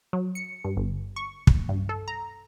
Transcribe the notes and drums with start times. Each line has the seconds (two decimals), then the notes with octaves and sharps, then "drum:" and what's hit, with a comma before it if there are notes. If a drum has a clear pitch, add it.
0.13 F#3
0.35 C#7
0.64 G2
0.77 G1
1.16 C#6
1.47 drum: kick
1.69 G2
1.89 A4
2.08 A#5